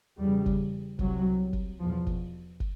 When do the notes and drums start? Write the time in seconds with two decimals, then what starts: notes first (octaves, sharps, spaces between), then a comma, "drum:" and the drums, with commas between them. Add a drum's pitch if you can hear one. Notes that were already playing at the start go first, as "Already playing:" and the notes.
0.19 E2 C#3 G3
0.46 drum: kick
0.99 C2 C3 F#3, drum: kick
1.53 drum: kick
1.79 E2 B2 F3
2.07 drum: kick
2.60 drum: kick